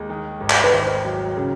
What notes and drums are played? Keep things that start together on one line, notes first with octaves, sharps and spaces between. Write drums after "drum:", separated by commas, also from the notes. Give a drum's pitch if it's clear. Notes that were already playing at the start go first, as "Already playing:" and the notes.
Already playing: D#2 G#3
D#3
G#1
drum: clap
B4
D#3 C5
F#3
C#3